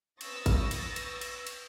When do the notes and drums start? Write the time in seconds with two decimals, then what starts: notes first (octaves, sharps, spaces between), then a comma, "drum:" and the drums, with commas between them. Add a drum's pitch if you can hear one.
0.21 B4 C#6 D#6 E6 A6 A#6, drum: cymbal
0.46 drum: kick G#1, cymbal
0.71 drum: cymbal
0.96 drum: cymbal
1.21 drum: cymbal
1.47 drum: cymbal